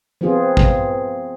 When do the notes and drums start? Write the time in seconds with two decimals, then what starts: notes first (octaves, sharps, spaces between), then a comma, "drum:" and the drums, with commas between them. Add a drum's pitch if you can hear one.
0.21 F3 B3 C4 F4 G#4
0.57 drum: kick